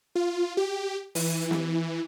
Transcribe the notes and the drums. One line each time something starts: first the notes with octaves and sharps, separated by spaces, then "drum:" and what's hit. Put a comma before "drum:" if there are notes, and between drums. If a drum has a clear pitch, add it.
F4
G4
E3, drum: open hi-hat
drum: snare